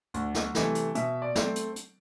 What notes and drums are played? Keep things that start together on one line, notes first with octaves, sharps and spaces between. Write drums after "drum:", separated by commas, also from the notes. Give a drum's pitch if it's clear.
D2, drum: hi-hat
drum: snare
C3 E3 A3, drum: snare
drum: hi-hat
B2 E5, drum: hi-hat
D5
A3 C4, drum: snare
drum: hi-hat
drum: hi-hat